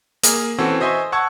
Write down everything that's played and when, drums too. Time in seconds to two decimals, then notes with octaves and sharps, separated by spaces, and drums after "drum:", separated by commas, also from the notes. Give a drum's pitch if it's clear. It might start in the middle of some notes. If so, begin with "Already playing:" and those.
0.23 A#3 G#4 A#4, drum: hi-hat
0.58 E3 C4 C#4 F#4 A4
0.80 C5 D#5 E5 G#5 C6 C#6
1.12 F#5 A5 C#6 E6 G#6